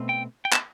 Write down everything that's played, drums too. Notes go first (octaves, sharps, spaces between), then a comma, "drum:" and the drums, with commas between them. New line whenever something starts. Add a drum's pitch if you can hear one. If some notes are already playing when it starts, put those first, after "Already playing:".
Already playing: B2 A3 C4
G5
G5
A5, drum: clap